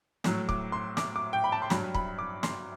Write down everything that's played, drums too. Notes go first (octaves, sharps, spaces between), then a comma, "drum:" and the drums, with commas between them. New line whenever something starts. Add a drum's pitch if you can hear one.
A2 F#3, drum: snare
D6, drum: kick
C6
D6, drum: snare
D6
G5
B5
A5
C6
G2 F#3 B5, drum: snare
B5, drum: kick
D6
C6, drum: snare